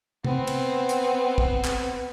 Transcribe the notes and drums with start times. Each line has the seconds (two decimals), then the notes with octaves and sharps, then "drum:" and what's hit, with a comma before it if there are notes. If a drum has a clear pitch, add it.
0.25 B3 C4, drum: tom
0.47 drum: cymbal
0.89 drum: hi-hat
1.38 drum: kick
1.64 drum: clap